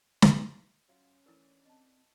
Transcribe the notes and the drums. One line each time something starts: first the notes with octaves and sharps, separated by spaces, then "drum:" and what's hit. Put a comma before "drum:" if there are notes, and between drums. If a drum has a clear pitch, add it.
drum: snare
F#3 C#4 F4
E3 A3 D4 E4 A#4 B4
C4 D#5 A5